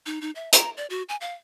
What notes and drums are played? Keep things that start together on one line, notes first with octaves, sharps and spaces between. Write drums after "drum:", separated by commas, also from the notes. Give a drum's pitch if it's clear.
D#4
D#4
E5
A#5, drum: hi-hat
D5
F#4
G#5
F5